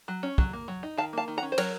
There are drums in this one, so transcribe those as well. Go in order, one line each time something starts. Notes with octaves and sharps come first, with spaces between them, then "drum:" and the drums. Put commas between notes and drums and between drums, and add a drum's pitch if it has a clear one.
F#3
C#4
F#3, drum: kick
A#3
F#3
D#4
D#3 F5 A5
A#3 F5 A5
D#3
F#5 A#5
C#4
C5
F#3 A#4 C#5, drum: cymbal